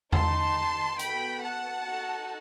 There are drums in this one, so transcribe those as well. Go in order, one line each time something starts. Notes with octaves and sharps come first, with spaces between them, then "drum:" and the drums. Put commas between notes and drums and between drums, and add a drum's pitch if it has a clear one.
D#4 G4 A5 C6, drum: tom E2
B3 F#4 A4 G5 B5, drum: hi-hat
F#5 A5
D#4 F#4 A4